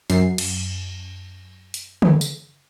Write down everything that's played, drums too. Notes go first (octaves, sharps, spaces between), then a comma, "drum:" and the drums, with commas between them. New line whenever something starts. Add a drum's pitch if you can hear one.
F#2 C7, drum: hi-hat
drum: cymbal
drum: hi-hat
drum: tom
drum: tambourine